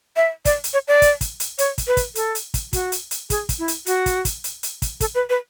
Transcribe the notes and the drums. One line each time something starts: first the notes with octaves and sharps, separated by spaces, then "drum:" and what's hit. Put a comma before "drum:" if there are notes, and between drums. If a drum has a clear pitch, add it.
E5
D5, drum: kick, hi-hat
drum: hi-hat
C#5
D5
drum: kick, hi-hat
drum: kick, hi-hat
drum: hi-hat
C#5, drum: hi-hat
drum: kick, hi-hat
B4
drum: kick, hi-hat
A4, drum: hi-hat
drum: hi-hat
drum: kick, hi-hat
F#4, drum: kick, hi-hat
drum: hi-hat
drum: hi-hat
G#4, drum: kick, hi-hat
drum: kick, hi-hat
E4
drum: hi-hat
F#4, drum: hi-hat
drum: kick, hi-hat
drum: kick, hi-hat
drum: hi-hat
drum: hi-hat
drum: kick, hi-hat
A4, drum: kick, hi-hat
B4
B4